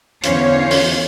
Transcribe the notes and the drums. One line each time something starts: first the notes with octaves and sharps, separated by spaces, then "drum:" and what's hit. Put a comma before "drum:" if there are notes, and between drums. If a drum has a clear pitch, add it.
E2 D3 C#4 C5 C#5 F5, drum: hi-hat
drum: open hi-hat